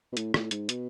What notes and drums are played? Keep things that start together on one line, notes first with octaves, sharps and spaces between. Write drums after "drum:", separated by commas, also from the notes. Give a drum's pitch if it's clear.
B2
A2, drum: hi-hat
A2, drum: rim click
G#2, drum: hi-hat
B2, drum: hi-hat